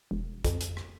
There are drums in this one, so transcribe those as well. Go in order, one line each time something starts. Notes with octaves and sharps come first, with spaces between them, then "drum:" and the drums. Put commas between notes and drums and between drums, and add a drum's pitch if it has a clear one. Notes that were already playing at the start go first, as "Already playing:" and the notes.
E1
F2, drum: kick, hi-hat
drum: hi-hat
drum: rim click